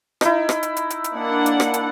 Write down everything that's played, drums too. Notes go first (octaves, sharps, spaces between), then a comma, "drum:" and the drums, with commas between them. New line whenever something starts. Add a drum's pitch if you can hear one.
D#4 E4, drum: rim click
drum: rim click
drum: hi-hat
drum: hi-hat
drum: hi-hat
drum: hi-hat
A#3 D4 F#5
drum: hi-hat
drum: rim click
drum: hi-hat